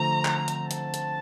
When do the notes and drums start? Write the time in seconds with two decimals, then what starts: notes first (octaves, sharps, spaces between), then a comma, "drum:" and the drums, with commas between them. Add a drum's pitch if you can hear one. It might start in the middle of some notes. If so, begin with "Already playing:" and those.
Already playing: D3 F3 A3 C4 A#5
0.25 drum: clap
0.48 drum: hi-hat
0.71 A5, drum: hi-hat
0.94 drum: hi-hat